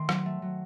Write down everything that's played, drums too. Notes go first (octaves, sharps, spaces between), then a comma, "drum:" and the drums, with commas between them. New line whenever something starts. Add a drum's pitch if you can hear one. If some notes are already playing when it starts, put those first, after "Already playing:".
Already playing: D#3 A3 C6
F#3, drum: rim click
A3
F#3